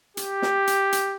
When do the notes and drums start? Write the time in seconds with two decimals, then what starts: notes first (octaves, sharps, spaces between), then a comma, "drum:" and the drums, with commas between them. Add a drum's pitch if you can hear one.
0.17 G4, drum: hi-hat
0.42 drum: snare
0.67 drum: hi-hat
0.92 drum: hi-hat